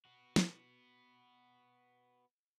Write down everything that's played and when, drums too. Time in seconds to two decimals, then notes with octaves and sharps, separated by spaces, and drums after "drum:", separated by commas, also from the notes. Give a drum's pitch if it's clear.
0.05 B3 F#4
0.36 drum: snare